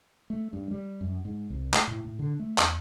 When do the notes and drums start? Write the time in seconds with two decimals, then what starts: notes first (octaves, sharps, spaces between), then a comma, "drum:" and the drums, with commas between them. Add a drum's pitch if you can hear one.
0.30 A3
0.53 G2
0.71 G3
1.01 F#2
1.25 G#2
1.50 C2
1.74 A3, drum: clap
1.87 A2
2.04 A2
2.19 D3
2.39 A3
2.58 E2, drum: clap